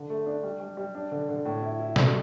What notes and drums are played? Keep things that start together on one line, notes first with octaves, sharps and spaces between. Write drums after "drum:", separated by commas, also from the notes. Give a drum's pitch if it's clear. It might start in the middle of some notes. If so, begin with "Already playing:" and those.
Already playing: D3
A3
D4
G3
G3
G3
D4
D3
D3
A2
E4
E4
A3, drum: snare